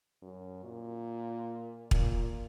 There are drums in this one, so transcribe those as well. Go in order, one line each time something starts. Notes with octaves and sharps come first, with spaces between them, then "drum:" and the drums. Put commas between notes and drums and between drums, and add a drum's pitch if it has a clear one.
F#2
A#2
A#2, drum: kick